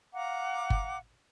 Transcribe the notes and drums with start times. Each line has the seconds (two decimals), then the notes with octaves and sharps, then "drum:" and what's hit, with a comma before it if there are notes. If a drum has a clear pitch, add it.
0.14 F5 F#5 A#5 D6
0.70 drum: kick G1